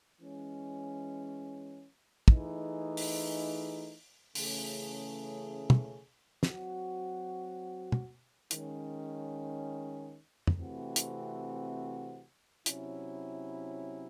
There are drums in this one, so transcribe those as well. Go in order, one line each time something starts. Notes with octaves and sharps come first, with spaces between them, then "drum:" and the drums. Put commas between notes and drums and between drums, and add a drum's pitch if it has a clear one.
E3 G#3 C#4
E3 A3 D#4 G#4, drum: kick
drum: open hi-hat
C#3 E3 A3 C#4 G#4, drum: open hi-hat
drum: tom
F#3 C4 F#4, drum: snare
drum: tom
D#3 G#3 C#4, drum: hi-hat
drum: tom
C3 E3 A3 C4 F#4
drum: hi-hat
C3 F#3 C#4 E4, drum: hi-hat